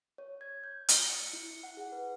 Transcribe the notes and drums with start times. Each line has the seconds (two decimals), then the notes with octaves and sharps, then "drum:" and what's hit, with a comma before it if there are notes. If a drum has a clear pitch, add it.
0.18 C#5
0.41 G#6
0.64 G6
0.88 drum: hi-hat
1.09 C#7
1.33 E4
1.63 F#5
1.77 G#4
1.92 B4